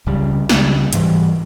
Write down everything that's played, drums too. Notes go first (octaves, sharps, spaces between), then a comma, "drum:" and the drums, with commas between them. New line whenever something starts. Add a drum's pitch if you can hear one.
C#2 C#3 G3
C#2 C#3 G3, drum: snare
G#2 E3 G3, drum: hi-hat